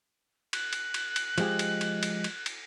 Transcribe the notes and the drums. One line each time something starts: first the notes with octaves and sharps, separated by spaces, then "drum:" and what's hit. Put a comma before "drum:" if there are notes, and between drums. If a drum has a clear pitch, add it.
F#6, drum: cymbal
drum: cymbal
drum: cymbal
drum: cymbal
F3 G#3 G4, drum: cymbal
drum: cymbal
drum: cymbal
drum: cymbal
drum: cymbal
drum: cymbal